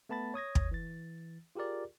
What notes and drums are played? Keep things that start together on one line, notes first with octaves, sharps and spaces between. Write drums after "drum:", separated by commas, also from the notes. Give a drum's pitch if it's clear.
A3 B3 A5 B5 A6
C#5 D#6 G#6 A#6
drum: kick
E3 A6
F4 G4 G#4 A#4 D5